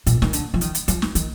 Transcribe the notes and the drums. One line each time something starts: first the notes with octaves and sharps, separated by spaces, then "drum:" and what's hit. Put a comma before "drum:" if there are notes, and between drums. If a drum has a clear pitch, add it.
A#2, drum: hi-hat
D#3, drum: snare
D3, drum: hi-hat
F3
D#3, drum: hi-hat
drum: hi-hat
F3, drum: hi-hat
drum: snare
D#3, drum: hi-hat